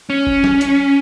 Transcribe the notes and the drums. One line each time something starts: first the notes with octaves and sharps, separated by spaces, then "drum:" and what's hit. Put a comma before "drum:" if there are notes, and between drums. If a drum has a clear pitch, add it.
C#4
drum: kick
drum: snare
drum: hi-hat